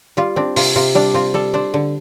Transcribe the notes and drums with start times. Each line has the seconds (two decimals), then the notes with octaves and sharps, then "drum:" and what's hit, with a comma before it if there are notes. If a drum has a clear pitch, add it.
0.17 G3 F4
0.36 C4 D4
0.56 C3 F4, drum: open hi-hat
0.76 C3 F4
0.95 G3 D4
1.14 C4 F4
1.34 G3 A4
1.54 D4 C5
1.74 D3